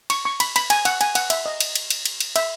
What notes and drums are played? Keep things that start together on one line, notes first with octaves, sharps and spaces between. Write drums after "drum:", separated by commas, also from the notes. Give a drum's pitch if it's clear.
C#6, drum: cymbal
C#6
B5, drum: cymbal
B5, drum: cymbal
G#5, drum: cymbal
F#5, drum: cymbal
G#5, drum: cymbal
F#5, drum: cymbal
E5, drum: cymbal
D#5
drum: cymbal
drum: cymbal
drum: cymbal
drum: cymbal
drum: cymbal
E5, drum: cymbal